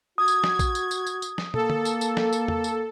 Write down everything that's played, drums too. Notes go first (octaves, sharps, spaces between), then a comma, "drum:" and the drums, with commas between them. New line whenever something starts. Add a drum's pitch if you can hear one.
F#4 D#6 G#6
drum: tambourine
drum: snare
drum: kick A#1, tambourine
drum: tambourine
drum: tambourine
drum: tambourine
drum: tambourine
drum: snare
A#3 A4, drum: tom
drum: tom
drum: tambourine
drum: tambourine
drum: snare
drum: tambourine
drum: tom E2
drum: tambourine